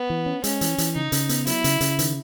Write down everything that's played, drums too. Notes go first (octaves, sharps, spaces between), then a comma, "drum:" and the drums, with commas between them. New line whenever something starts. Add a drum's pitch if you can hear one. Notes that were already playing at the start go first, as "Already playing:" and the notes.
Already playing: B3
E3
C#4
G#3 C#4, drum: hi-hat
E3, drum: hi-hat
E3, drum: hi-hat
C#3 D#4
C#3, drum: hi-hat
B3, drum: hi-hat
F#3 E4, drum: hi-hat
C#3, drum: hi-hat
C#3, drum: hi-hat
D#3, drum: hi-hat